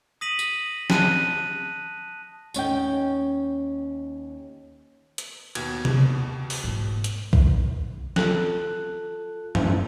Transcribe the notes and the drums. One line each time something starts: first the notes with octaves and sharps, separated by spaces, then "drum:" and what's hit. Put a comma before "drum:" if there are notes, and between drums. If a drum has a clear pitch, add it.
D#6 A#6 B6 D#7 F#7
drum: tambourine
A5 F#6 D#7, drum: snare
D#2 C#4 D#5 G5, drum: tambourine
drum: hi-hat
D#2 B2 G#6, drum: cymbal
drum: tom C3
drum: open hi-hat
G#2 A3
drum: hi-hat
drum: kick B1
F4 A4 F#6, drum: snare
drum: tom